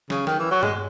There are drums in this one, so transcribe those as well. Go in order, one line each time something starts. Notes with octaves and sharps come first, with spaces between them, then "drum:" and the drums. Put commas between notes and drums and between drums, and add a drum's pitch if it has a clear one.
C#3, drum: snare
D#3, drum: snare
E3
F#3
G#3, drum: tom G2